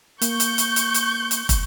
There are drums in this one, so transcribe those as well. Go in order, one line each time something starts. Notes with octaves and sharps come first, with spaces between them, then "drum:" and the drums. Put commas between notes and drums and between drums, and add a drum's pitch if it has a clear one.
A#3 C#6 G6, drum: hi-hat
drum: hi-hat
drum: hi-hat
drum: hi-hat
drum: hi-hat
drum: hi-hat
drum: kick, hi-hat